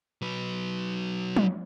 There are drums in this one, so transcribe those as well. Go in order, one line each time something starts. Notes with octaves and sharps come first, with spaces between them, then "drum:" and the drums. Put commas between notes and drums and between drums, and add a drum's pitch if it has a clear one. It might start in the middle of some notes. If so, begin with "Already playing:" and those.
F#3 B4
drum: tom